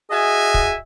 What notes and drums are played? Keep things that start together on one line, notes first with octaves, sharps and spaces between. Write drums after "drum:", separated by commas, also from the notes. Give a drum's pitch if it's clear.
F#4 G#4 D#5 E5 G#5
drum: kick